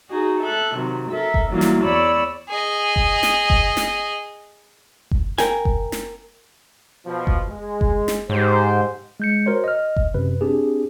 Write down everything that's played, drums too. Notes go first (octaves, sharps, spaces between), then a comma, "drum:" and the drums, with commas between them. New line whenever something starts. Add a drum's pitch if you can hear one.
D#4 F#4 G#4
A4 E5 F#6
C3 D#3 F#3
A4 A#4 E5
drum: kick F#1
E3 F#3 G3 A#3 F4
drum: snare
E2 C#5 D5 B5 E6
G#4 D#5
drum: kick F#1
drum: snare
drum: kick F#1
drum: snare
drum: kick F#1
A#4 G5 G#5, drum: snare
drum: kick F#1
drum: snare
B2 F3
drum: kick F#1
G#3
drum: kick F#1
drum: snare
G#2 G4 C5
G#3 G6 C#7
F#4 A#4 C5 C#5
D#5 F6
drum: kick F#1
F#2 C3 B4
C4 D4 G4 G#4